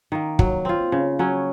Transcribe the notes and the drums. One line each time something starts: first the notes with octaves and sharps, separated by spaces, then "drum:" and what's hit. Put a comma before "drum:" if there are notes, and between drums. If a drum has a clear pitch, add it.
D#3 A#3
F#3, drum: kick
C4 F4
C#3
F#3 C#4